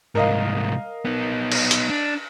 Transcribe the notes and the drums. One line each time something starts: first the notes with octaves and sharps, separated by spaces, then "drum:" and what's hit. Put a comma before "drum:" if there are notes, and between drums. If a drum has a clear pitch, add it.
C2 G#2 A#4 D#5 F5
B3 D#4
drum: cymbal
drum: hi-hat
D4